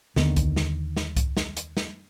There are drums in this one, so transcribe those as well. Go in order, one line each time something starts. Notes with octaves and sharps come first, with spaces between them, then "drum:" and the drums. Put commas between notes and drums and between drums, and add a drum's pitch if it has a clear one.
D#2 D3 D#3 B3, drum: snare
drum: kick C2, hi-hat
drum: snare
drum: snare
drum: kick C2, hi-hat
drum: snare
drum: hi-hat
drum: snare